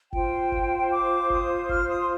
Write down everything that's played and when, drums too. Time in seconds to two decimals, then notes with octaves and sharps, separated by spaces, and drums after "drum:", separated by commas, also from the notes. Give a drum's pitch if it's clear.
0.13 F4 C5 G5, drum: kick F#1
0.52 drum: kick F#1
0.91 D6
1.30 D#6, drum: kick F#1
1.69 F6, drum: kick F#1
1.88 D#6
2.00 C6